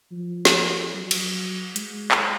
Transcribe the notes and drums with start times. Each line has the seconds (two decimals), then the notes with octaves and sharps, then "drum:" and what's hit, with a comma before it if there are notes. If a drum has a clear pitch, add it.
0.12 F3
0.45 drum: snare
0.94 F#3
1.11 drum: cymbal
1.76 G#3, drum: hi-hat
2.11 drum: clap